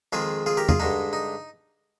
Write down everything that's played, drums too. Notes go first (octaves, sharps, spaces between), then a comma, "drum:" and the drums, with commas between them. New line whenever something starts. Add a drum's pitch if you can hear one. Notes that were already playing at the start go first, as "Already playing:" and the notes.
F2 D#3 G#3 F4 G#4
F4 G#4
G4 A#4
F4 G#4, drum: tom E2
G2 D3 G#3 D#4
D#4